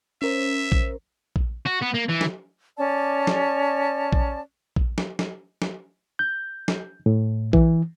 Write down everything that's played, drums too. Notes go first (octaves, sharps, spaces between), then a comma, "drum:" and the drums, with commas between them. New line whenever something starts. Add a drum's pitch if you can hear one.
C#4 A#4 C5 E5
drum: kick A#1
drum: kick A#1
F#4
B3
A#3
E3
drum: snare
C#4 D5 A5
drum: snare
drum: kick A#1
drum: kick A#1
drum: snare
drum: snare
drum: snare
G6
drum: snare
A2
E3, drum: kick A#1